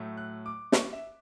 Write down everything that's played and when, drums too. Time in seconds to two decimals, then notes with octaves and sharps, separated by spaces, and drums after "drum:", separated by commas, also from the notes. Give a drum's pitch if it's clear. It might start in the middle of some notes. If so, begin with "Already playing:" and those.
Already playing: A2 F#3 A3
0.17 F#6
0.46 D6
0.72 C#6, drum: snare
0.93 E5